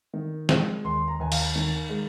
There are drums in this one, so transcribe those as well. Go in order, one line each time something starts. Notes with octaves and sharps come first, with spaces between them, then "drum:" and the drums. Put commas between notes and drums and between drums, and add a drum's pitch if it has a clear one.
D#3
G#3, drum: snare
D#2 C6
A#5
D#2 G#5
F5, drum: cymbal
D#3
G#3